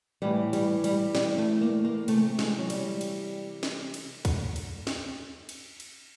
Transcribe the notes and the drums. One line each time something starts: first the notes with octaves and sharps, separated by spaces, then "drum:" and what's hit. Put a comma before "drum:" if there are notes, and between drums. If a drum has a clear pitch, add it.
A2 E3 G3
G3, drum: cymbal
G3, drum: cymbal
G3, drum: snare
A3
A#3
A#3
C3 E3 A3, drum: cymbal
G#3, drum: snare
F#3
G3, drum: cymbal
drum: cymbal
drum: snare
drum: cymbal
drum: kick, cymbal
drum: cymbal
drum: snare
drum: cymbal
drum: cymbal